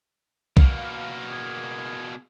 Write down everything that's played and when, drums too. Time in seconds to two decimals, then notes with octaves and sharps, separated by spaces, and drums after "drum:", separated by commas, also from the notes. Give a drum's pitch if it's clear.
0.57 B2 A#3, drum: kick B1
0.77 F5
1.29 G#4